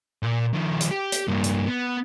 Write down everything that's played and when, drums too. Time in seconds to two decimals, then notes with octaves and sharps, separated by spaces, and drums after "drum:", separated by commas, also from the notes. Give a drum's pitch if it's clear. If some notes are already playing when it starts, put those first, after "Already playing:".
0.23 A#2
0.54 D#3 F3
0.81 drum: hi-hat
0.91 G4
1.12 drum: hi-hat
1.28 G2 A#3
1.44 drum: hi-hat
1.67 B3